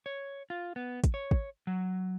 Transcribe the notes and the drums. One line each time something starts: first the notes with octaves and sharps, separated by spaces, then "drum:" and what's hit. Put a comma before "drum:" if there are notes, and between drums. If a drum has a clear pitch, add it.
C#5
F4
B3
drum: kick, hi-hat
C#5
drum: kick
F#3